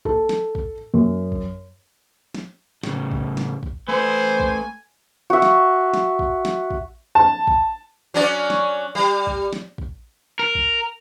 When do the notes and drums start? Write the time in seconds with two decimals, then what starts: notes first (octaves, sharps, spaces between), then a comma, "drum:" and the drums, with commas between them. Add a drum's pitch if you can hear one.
0.05 A4, drum: kick
0.29 drum: snare
0.55 drum: kick
0.94 F#2
1.32 drum: kick
2.34 drum: snare
2.83 A2 C#3, drum: snare
3.11 drum: kick
3.37 drum: snare
3.63 drum: kick
3.88 A3 B4 C5 G#5
4.40 drum: kick
5.30 F#4 E5
5.42 drum: snare
5.94 drum: snare
6.19 drum: kick
6.45 drum: snare
6.70 drum: kick
7.15 A5
7.47 drum: kick
8.14 F#3 C#4 D5
8.50 drum: snare
8.95 G3
9.27 drum: kick
9.53 drum: snare
9.78 drum: kick
10.39 A#4
10.55 drum: kick